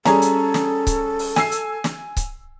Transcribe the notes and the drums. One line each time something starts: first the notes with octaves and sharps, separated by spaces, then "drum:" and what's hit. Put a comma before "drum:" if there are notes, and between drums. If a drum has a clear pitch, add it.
G3 C#4 G#4 A4 A#5, drum: snare
drum: hi-hat
drum: snare
drum: kick C#1, hi-hat
drum: open hi-hat
G#5 E6 C7, drum: snare
drum: hi-hat
drum: snare
drum: kick C#1, hi-hat